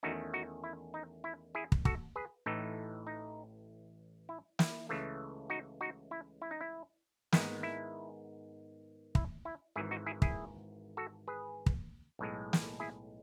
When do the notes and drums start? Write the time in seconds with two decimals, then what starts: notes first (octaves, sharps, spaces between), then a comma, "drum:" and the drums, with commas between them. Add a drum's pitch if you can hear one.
0.03 E2 D#3 A3 C#4 D#4 F#4
0.34 D#4 F#4
0.64 E4
0.94 D#4
1.24 E4
1.55 E4 G#4
1.72 drum: kick
1.85 F#4 A4, drum: kick
2.16 G#4 B4
2.46 A1 A2 E3 A3 D#4
3.07 D#4
4.29 E4
4.59 E4, drum: snare
4.89 C#2 C#3 E3 A3
5.50 D#4 F#4
5.81 D#4 F#4
6.11 E4
6.42 E4
6.51 D#4
6.61 E4
7.32 G#2 D#3 G#3 B3 E4, drum: snare
7.63 E4
9.15 E4, drum: kick
9.45 E4
9.76 G#1 G#2 E3 E4 G#4
9.91 D#4 F#4
10.06 E4 G#4
10.22 E4 G#4, drum: kick
10.97 F#4 A4
11.28 G#4 B4
11.66 drum: kick
12.19 B1 A2 G#3
12.53 drum: snare
12.80 E4 G#4